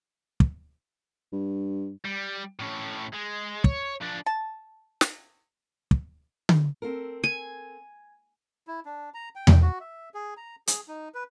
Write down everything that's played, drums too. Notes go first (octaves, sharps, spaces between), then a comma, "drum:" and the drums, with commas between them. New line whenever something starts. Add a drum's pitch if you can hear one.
drum: kick
G2
G3
A2 C#4
G#3
C#5, drum: kick
F3 D4
A5
drum: snare
drum: kick
drum: tom D3
C4 A4 A#4
G#5
E4
D4
A#5
G5
drum: tom E2
F#4
E5
G#4
A#5
G#4, drum: hi-hat
D#4
B4